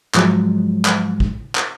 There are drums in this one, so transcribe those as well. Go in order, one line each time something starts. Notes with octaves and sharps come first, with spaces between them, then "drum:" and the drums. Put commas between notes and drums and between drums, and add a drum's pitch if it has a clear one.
G#2 F3 F#3 G#3, drum: clap
drum: clap
drum: kick
drum: clap